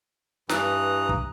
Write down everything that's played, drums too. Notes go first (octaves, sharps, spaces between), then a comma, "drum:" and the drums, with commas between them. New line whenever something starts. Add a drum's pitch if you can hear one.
G2 E3 A#5 D#6 F#6, drum: snare
drum: kick